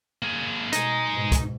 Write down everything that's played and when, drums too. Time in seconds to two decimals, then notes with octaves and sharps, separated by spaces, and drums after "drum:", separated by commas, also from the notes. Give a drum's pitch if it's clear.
0.22 A#3 G#4
0.73 B2 D#4 D#5 G#5, drum: hi-hat
1.11 G#2 B2
1.32 drum: kick, hi-hat